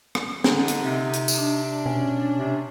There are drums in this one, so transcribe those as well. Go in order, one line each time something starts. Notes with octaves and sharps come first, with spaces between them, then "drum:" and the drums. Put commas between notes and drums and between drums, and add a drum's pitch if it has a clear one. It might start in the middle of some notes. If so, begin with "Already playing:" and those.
drum: rim click
D3 D#4, drum: snare
drum: hi-hat
C3
drum: hi-hat
drum: tambourine
D4
B2 C#4
C3